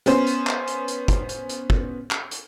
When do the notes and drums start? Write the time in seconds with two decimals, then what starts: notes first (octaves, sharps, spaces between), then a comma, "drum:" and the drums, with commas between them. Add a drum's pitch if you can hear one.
0.06 B3 C#4 C5, drum: hi-hat
0.26 drum: hi-hat
0.47 drum: clap
0.67 drum: hi-hat
0.88 drum: hi-hat
1.08 drum: kick, hi-hat
1.29 drum: hi-hat
1.49 drum: hi-hat
1.70 drum: kick
2.11 drum: clap
2.31 drum: hi-hat